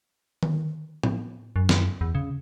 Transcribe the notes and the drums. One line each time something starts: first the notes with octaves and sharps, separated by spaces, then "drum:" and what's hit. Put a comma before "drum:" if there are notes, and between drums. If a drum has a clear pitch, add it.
drum: tom D#3
drum: tom A2
F#2
drum: snare
E2
C#3